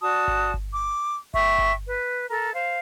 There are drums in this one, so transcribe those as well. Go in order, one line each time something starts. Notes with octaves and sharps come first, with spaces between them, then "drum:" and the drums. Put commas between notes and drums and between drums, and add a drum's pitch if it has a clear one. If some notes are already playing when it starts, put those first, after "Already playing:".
F#4 D5 A5 D#6
drum: kick G1
drum: kick G1
D6
E5 G5 C#6, drum: kick G1
drum: kick G1
B4
A4 A#4
C5 F5